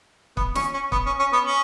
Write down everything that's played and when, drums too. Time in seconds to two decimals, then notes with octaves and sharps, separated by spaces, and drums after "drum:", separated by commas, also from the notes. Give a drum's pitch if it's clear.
0.37 B3, drum: kick
0.55 C#4, drum: snare
0.74 C#4
0.92 B3, drum: kick
1.06 C#4
1.19 C#4
1.33 B3
1.46 C#4